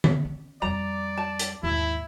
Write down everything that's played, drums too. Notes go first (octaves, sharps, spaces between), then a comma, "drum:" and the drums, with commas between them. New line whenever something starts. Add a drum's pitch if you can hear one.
drum: tom D3
C#4
F2 G3 D5 A#5
A5
drum: hi-hat
D#2 G#2 E4